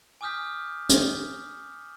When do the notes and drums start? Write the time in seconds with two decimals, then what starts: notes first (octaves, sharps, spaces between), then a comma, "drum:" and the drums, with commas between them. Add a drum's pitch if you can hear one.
0.21 G#5 D6 D#6 F6 G6 B6
0.89 drum: hi-hat